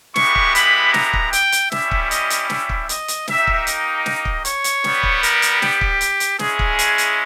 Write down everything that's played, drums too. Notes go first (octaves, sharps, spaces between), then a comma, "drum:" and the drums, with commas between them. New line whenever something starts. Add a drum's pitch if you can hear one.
G#3 B3 E4 G4 C#6, drum: snare
drum: kick
B5, drum: hi-hat
A#5, drum: snare
drum: kick
G5, drum: hi-hat
drum: hi-hat
G3 C#4 E4 G4 E5, drum: snare
drum: kick
D#5, drum: hi-hat
drum: hi-hat
E5, drum: snare
drum: kick
D#5, drum: hi-hat
drum: hi-hat
A#3 D#4 G4 E5, drum: snare
drum: kick
D#5, drum: hi-hat
drum: snare
drum: kick
C#5, drum: hi-hat
drum: hi-hat
G3 B3 G4, drum: snare
drum: kick
A#4, drum: hi-hat
drum: hi-hat
G4, drum: snare
drum: kick
drum: hi-hat
drum: hi-hat
G#3 C#4 E4 G#4, drum: snare
drum: kick
drum: hi-hat
drum: hi-hat